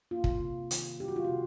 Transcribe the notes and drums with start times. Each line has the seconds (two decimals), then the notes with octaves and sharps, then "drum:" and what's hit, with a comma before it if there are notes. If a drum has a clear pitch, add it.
0.11 A#3 F4
0.24 drum: kick
0.41 C3
0.71 D#3, drum: hi-hat
1.00 D4 G4
1.08 F#4
1.16 F4
1.25 C3 F#4